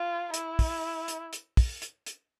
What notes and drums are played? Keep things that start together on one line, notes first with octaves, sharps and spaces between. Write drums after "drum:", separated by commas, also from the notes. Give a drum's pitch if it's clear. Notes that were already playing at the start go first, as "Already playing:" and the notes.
Already playing: F4
E4, drum: hi-hat
drum: kick, open hi-hat
drum: hi-hat
drum: hi-hat
drum: kick, open hi-hat
drum: hi-hat
drum: hi-hat